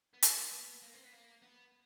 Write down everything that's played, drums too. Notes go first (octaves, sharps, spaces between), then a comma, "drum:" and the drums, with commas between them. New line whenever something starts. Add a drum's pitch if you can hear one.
B3
A#3, drum: hi-hat
B3
A#3
C4
B3
A#3
B3